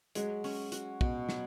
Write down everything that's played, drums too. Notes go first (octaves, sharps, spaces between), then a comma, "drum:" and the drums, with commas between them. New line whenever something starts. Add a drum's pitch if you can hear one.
F#3 G#3, drum: hi-hat
C#4, drum: open hi-hat
F#4, drum: hi-hat
B2, drum: kick
F#3, drum: snare